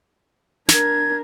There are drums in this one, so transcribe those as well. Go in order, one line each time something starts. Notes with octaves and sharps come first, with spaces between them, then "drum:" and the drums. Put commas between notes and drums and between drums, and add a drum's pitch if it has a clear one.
D4 A#4 G#6, drum: snare